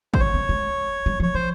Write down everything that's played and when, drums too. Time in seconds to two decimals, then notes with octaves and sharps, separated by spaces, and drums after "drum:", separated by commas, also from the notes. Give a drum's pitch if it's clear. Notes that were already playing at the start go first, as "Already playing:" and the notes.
0.14 C5, drum: kick G#1
0.20 G#3 C#5
0.34 C4
0.49 G#3
1.06 G3
1.20 F3
1.23 C#5
1.34 F3 C5